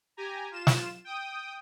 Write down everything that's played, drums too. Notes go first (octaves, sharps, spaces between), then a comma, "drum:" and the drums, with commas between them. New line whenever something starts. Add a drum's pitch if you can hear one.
G4 G#5 A#5
F4 E7
drum: snare
G5 D#6